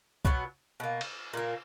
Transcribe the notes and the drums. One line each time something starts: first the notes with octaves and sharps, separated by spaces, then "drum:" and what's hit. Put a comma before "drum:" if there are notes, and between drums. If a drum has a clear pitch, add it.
B2 F#3 B3, drum: kick
B2 A#3
drum: cymbal
A#2 A#3